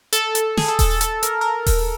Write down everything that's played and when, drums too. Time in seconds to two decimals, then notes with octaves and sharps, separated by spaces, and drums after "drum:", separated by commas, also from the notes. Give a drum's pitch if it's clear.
0.13 A4, drum: hi-hat
0.35 drum: hi-hat
0.57 G#4, drum: snare
0.68 A4
0.79 A4, drum: kick D#1, open hi-hat
0.90 A4
1.01 A4, drum: hi-hat
1.23 A#4, drum: hi-hat
1.41 A#4
1.66 drum: kick D#1, open hi-hat